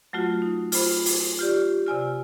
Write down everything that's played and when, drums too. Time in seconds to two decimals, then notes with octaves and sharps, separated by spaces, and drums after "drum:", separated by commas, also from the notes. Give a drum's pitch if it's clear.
0.13 F#3 A3 F4 F#4
0.42 D#4
0.72 F4 C5 B5, drum: open hi-hat
1.06 drum: open hi-hat
1.39 F4 G4 D5
1.86 C3 D5 G#5 F6